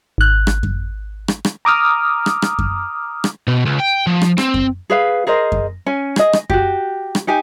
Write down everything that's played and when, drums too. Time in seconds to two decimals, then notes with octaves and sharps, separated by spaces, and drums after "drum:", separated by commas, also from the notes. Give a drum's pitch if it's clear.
0.18 G#1 F#6
0.47 drum: rim click
0.63 drum: kick F#2
1.28 drum: rim click
1.45 drum: rim click
1.65 A#5 D6 D#6 F6
2.26 drum: rim click
2.42 drum: rim click
2.59 drum: kick F#2
3.24 drum: rim click
3.48 B2
3.66 C#2
3.80 G5
4.07 F3
4.22 drum: rim click
4.38 C4, drum: rim click
4.54 drum: kick F#2
4.90 G#4 B4 F5
5.27 G#4 A#4 C5 D#5
5.52 drum: kick F#2
5.86 C#4 G#5
6.16 G#4 D#5, drum: rim click
6.33 drum: rim click
6.50 F#4 G4, drum: kick F#2
7.15 drum: rim click
7.27 D#4 G4 G#5